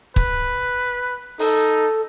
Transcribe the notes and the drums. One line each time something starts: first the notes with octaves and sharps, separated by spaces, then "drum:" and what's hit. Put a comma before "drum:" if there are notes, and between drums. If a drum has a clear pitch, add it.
B4, drum: kick
D#4 A4, drum: open hi-hat